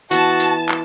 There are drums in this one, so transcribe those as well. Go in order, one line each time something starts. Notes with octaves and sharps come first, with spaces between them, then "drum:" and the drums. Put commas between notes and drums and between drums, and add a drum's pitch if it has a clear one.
E3 B3 F#4 A5, drum: hi-hat
drum: hi-hat
drum: clap